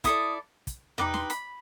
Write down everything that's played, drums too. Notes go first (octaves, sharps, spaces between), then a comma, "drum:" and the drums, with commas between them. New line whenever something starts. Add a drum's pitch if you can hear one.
E4 A4 D5 D#6, drum: kick, hi-hat
drum: kick, hi-hat
D#4 G4 B4 D#5 D6, drum: tom E2
C6, drum: snare
B5, drum: hi-hat